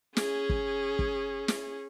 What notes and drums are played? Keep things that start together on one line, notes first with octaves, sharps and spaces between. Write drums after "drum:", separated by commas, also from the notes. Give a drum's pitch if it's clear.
C#4 G#4, drum: snare
drum: kick
drum: kick
drum: snare